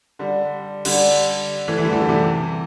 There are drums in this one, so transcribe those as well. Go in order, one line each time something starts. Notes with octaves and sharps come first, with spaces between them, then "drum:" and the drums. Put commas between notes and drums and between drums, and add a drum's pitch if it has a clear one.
D3 G3
D3 G3, drum: cymbal
E3 A3
E3
D3 G3
E3 A3
D3 G3
C3 E3